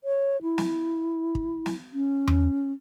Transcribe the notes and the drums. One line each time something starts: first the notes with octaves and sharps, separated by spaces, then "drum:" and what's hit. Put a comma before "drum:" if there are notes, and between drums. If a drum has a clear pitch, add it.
C#5
E4
drum: snare
drum: kick
drum: snare
C#4
drum: tom E2